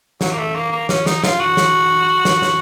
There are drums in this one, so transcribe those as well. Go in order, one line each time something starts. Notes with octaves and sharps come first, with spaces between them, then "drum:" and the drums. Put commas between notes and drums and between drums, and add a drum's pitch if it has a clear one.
F#3, drum: snare
A#3
A3
A#3
A#3
C#4, drum: snare
D#4, drum: snare
F4, drum: snare
F#4
drum: snare
drum: snare
drum: snare